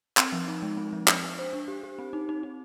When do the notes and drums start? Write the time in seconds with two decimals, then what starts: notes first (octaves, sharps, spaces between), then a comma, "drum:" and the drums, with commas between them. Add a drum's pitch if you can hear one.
0.17 C4, drum: clap
0.32 F3
0.48 D#4
0.62 G#3
0.77 C4
0.93 F3
1.08 D4, drum: clap
1.23 D4
1.39 C5
1.53 D4
1.68 G4
1.83 G4
1.99 C4
2.13 D#4
2.29 D#4
2.43 D#4